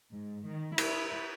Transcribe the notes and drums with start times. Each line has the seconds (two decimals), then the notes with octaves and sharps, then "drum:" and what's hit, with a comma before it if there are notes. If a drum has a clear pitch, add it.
0.11 G#2
0.46 D#3
0.78 E4, drum: cymbal